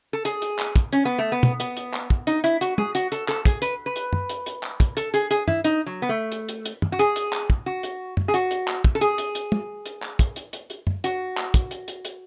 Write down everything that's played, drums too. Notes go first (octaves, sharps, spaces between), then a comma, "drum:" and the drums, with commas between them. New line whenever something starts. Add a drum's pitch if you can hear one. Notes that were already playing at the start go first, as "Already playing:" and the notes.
A4
G#4, drum: hi-hat
drum: hi-hat
drum: clap
drum: kick, hi-hat
C#4, drum: hi-hat
B3
A3
B3
drum: tom
B3, drum: hi-hat
drum: hi-hat
drum: clap
drum: kick
D#4, drum: hi-hat
E4, drum: hi-hat
F#4, drum: hi-hat
G#4, drum: tom
F#4, drum: hi-hat
A4, drum: hi-hat
A4, drum: clap
G#4, drum: kick, hi-hat
B4, drum: hi-hat
B4
drum: hi-hat
drum: tom
drum: hi-hat
drum: hi-hat
drum: clap
drum: kick, hi-hat
A4, drum: hi-hat
G#4, drum: hi-hat
G#4, drum: hi-hat
E4, drum: tom
D#4, drum: hi-hat
F#3
B3
A3
drum: hi-hat
drum: hi-hat
drum: hi-hat
drum: tom
F#4
G#4, drum: hi-hat
drum: hi-hat
drum: clap
drum: kick
F#4
drum: hi-hat
drum: tom
G#4
F#4, drum: hi-hat
drum: hi-hat
drum: clap
drum: kick
A4
G#4, drum: hi-hat
drum: hi-hat
drum: hi-hat
drum: tom
drum: hi-hat
drum: clap
drum: kick, hi-hat
drum: hi-hat
drum: hi-hat
drum: hi-hat
drum: tom
F#4, drum: hi-hat
drum: clap
drum: kick, hi-hat
drum: hi-hat
drum: hi-hat
drum: hi-hat